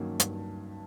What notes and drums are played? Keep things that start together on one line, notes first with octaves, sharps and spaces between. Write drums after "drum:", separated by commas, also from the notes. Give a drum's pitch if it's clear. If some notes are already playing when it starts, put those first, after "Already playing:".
Already playing: G2 D#3 F#3 A#3 C#4
G2, drum: hi-hat